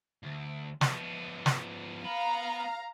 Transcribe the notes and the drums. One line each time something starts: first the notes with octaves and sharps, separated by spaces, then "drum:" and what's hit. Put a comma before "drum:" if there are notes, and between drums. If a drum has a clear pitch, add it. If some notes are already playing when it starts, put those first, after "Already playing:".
D2
F3 B3, drum: snare
drum: snare
B3 F5 A#5 B5